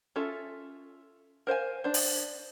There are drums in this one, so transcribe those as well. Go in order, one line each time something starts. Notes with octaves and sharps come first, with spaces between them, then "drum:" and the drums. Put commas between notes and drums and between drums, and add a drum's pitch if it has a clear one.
C#4 F4 A4 E5
A#4 C5 F5 G#5
D4 C5
drum: open hi-hat